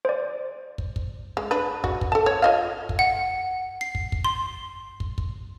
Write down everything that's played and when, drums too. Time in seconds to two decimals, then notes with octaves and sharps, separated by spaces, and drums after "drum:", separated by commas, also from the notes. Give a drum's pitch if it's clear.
0.05 C5 D5
0.78 drum: kick
0.96 drum: kick
1.37 G#3
1.51 D4 B4
1.84 F#4, drum: kick
2.01 drum: kick
2.12 A4 A5
2.26 C#5
2.42 F4 D#5 F5
2.89 drum: kick
2.99 F#5
3.81 C7
3.95 drum: kick
4.12 drum: kick
4.24 C6
5.00 drum: kick
5.18 drum: kick